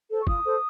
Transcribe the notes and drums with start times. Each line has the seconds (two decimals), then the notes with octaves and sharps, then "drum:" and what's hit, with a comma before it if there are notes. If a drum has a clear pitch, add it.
0.10 A4 C5
0.21 C#6
0.27 F4 D#6, drum: kick
0.44 A4 C5